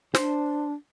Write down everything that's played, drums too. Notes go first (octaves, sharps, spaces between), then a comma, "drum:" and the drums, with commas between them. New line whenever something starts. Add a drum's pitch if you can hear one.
D4 C5, drum: snare